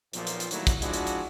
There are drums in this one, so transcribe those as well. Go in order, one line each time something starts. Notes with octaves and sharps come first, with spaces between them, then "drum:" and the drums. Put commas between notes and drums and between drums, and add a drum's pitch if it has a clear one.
B1 A#2 F3, drum: hi-hat
drum: hi-hat
drum: hi-hat
D#3 F#3 G3 A3 A#3 E4, drum: hi-hat
drum: kick, hi-hat
F3 G#3 D4 E4 F#4, drum: hi-hat
drum: hi-hat
drum: hi-hat